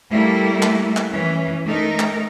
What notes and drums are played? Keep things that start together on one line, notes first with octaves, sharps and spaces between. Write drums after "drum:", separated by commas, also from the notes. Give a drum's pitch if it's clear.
G3 A3 A#3 E4
drum: clap
drum: clap
E3 C#4
A3 D#4 A#4
drum: clap